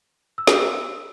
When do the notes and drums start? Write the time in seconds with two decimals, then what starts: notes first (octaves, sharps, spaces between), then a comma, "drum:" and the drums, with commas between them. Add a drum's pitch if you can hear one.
0.38 E6
0.47 drum: snare